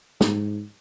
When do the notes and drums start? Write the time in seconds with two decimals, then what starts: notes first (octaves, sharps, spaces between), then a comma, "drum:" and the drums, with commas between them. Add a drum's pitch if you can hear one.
0.21 G#2, drum: snare